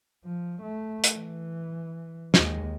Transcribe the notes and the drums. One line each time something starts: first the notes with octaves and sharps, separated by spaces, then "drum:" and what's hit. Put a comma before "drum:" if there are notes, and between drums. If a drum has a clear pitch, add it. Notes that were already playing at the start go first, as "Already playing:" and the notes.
F3
A3
drum: hi-hat
E3
D#2 G#3, drum: snare